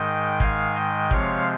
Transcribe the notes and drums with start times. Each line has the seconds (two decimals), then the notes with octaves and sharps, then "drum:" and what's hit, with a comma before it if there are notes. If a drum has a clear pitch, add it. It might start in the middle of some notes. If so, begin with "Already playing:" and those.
Already playing: G#2 D#3 G#3 D#5 G5
0.40 F5 G#5, drum: kick
0.76 D#5 G5
1.11 C3 F3 G#3 C4 C#5 F5, drum: kick